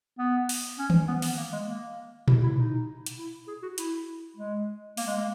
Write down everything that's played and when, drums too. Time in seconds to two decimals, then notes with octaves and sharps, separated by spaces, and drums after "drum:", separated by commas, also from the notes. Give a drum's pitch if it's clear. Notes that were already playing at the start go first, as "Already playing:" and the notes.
0.18 B3
0.49 drum: open hi-hat
0.78 C#4
0.90 drum: tom D#3
1.08 B3
1.22 B3, drum: open hi-hat
1.37 A#3
1.52 G#3
1.67 A#3
2.28 E4, drum: tom A#2
2.43 E4
2.57 D#4
3.06 drum: hi-hat
3.18 E4
3.48 G#4
3.63 F#4
3.78 E4, drum: hi-hat
4.37 G#3
4.97 A#3, drum: open hi-hat
5.07 G#3
5.17 A#3